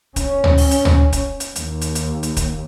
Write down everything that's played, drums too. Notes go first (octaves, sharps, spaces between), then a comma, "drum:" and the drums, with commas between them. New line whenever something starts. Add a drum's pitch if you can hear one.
C#4, drum: kick, hi-hat
drum: tom
drum: open hi-hat
drum: hi-hat
drum: tom
drum: kick, hi-hat
drum: hi-hat
D#2, drum: hi-hat
drum: hi-hat
drum: hi-hat
drum: hi-hat
drum: kick, hi-hat